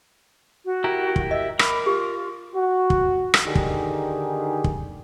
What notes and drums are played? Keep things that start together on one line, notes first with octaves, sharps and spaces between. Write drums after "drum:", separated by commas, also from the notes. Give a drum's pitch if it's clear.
F#4
E4 G4 A#4 A#5
drum: kick
D#5 E5
A#4 B5 D6, drum: rim click
F4 G4
F#4
drum: kick
drum: rim click
D3 D#3 D#4 G4 G#4
drum: kick
drum: kick